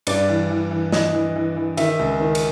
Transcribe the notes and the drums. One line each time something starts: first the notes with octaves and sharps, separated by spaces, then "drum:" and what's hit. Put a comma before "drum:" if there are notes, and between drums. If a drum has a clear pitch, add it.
G2 D5, drum: cymbal
E3
E3
E3
E3 D#5, drum: snare
E3
E3
E3
D#3 E5, drum: cymbal
C#2
D#3
drum: cymbal